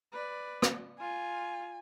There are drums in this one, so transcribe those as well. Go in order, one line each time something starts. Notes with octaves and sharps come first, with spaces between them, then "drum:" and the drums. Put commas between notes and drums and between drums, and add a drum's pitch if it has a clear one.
B4 D5
drum: rim click
F4 G#5